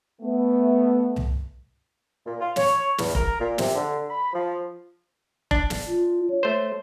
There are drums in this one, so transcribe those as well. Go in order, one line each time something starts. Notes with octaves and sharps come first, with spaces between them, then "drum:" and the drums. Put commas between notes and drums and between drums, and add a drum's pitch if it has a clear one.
A3 B3
drum: tom C2
A#2
F4
C#5, drum: snare
E2, drum: snare
A#4, drum: kick F1
A#2
C3, drum: snare
D3
B5
F3
D4, drum: kick F1
drum: snare
F4
C#5
A3 C5